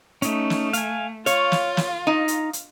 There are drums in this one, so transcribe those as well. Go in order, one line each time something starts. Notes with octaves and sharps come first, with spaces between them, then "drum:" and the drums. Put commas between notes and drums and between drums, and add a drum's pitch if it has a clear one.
A3 C#4 D#4, drum: hi-hat
drum: snare
F5 G#5, drum: hi-hat
F4 C#5 F5, drum: hi-hat
drum: snare
drum: snare
D#4
drum: hi-hat
drum: hi-hat